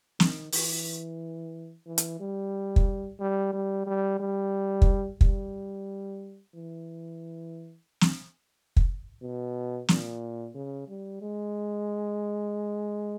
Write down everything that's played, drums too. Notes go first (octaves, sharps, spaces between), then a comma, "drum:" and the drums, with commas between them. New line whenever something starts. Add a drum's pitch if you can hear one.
D#3, drum: snare
E3, drum: open hi-hat
E3
drum: hi-hat
G3
drum: kick
G3
G3
G3
G3
drum: kick
G3, drum: kick
E3
drum: snare
drum: kick
B2
A#2, drum: snare
C#3
G3
G#3